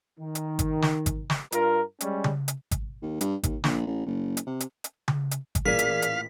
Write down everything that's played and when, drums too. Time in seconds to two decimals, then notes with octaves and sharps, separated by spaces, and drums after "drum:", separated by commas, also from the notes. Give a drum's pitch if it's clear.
0.20 D#3
0.35 drum: hi-hat
0.59 drum: kick G#1, hi-hat
0.82 drum: snare
1.06 drum: kick G#1, hi-hat
1.30 drum: snare
1.52 G2 F4 A#4, drum: hi-hat
2.01 G3 G#3 C#4, drum: hi-hat
2.24 drum: tom C#3
2.48 drum: hi-hat
2.71 drum: kick G#1, hi-hat
3.02 D#2
3.21 G2, drum: hi-hat
3.43 D#2, drum: kick G#1, hi-hat
3.64 A#1, drum: snare
3.87 A1
4.06 F#1
4.37 drum: hi-hat
4.46 C3
4.60 drum: hi-hat
4.84 drum: hi-hat
5.08 drum: tom C#3
5.31 drum: hi-hat
5.55 drum: kick G#1, hi-hat
5.65 A1 A#2 G#4 A#4 D5 F5 B6
5.79 drum: hi-hat
6.02 drum: hi-hat